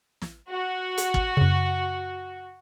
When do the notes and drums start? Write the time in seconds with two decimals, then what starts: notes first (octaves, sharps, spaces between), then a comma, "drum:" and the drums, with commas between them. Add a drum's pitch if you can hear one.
0.22 drum: snare
0.50 F#4
0.97 drum: hi-hat
1.14 drum: kick
1.37 F#2 C#3